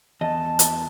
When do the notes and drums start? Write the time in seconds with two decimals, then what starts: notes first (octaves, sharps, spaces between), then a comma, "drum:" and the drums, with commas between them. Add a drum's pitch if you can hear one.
0.21 E2 D#5 A5
0.59 drum: hi-hat